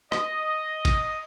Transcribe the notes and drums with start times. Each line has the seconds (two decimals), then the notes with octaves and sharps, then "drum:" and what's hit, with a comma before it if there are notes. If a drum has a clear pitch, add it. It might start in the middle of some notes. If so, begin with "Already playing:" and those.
0.12 D#5, drum: rim click
0.85 drum: kick A1, cymbal